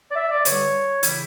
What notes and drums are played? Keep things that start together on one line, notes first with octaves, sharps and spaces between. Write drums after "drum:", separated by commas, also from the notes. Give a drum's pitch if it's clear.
D5
E5
D5
G2 D3 G3 C#5, drum: hi-hat
C#3 E3 G3 E4, drum: hi-hat